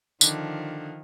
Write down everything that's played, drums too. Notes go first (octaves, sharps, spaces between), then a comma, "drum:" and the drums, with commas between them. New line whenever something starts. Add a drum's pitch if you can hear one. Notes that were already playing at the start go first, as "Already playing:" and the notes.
D3 D#3 F3, drum: tambourine